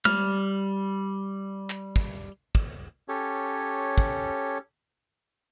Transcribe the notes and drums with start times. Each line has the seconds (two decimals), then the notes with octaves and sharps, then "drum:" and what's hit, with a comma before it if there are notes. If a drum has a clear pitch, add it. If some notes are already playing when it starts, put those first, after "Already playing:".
0.05 G3 F6, drum: tom G#3
1.70 drum: clap
1.96 drum: kick
2.55 drum: kick
3.08 C#4 G4 A4 C#5
3.98 drum: kick